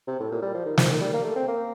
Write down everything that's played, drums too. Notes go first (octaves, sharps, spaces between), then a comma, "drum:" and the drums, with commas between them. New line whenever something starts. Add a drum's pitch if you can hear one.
C3
A2
A#2
G3
F3
D#3
F3, drum: snare
D#3
G3
A#3
A3
C4
A#3